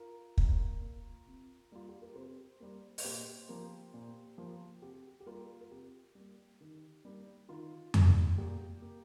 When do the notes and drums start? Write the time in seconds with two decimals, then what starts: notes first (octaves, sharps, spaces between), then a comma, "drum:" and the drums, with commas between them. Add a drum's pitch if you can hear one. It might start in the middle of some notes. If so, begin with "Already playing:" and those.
Already playing: F4 A#4
0.38 A#2, drum: kick
0.82 A#3
1.27 C3
1.71 G3 A#3 F4
1.89 G4
2.02 A#4
2.15 C3 G4 C5
2.60 G3 A#3
2.98 D#5, drum: open hi-hat
3.04 A#2 G4 C5
3.49 F3 A#3
3.94 A#2
4.38 F3 A#3
4.82 C3 G4
5.20 G4
5.26 G3 A#3 F4 A#4
5.61 A#4
5.70 C3 G4
6.15 G3 A#3
6.61 D#3
7.05 G3 A#3
7.49 D#3 F4
7.94 G3 A#3, drum: tom F2
8.38 A#2 G4
8.82 A#3